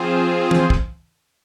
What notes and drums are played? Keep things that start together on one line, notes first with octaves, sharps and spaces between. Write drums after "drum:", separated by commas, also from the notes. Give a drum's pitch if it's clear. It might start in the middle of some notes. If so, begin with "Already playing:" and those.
Already playing: F3 C4 F4 G#4 C5
drum: tom E3
drum: kick